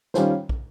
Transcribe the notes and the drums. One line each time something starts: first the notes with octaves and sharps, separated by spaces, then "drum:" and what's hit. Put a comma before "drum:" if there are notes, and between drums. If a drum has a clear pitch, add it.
D#3 G3 C#4 F4 C5, drum: snare
drum: kick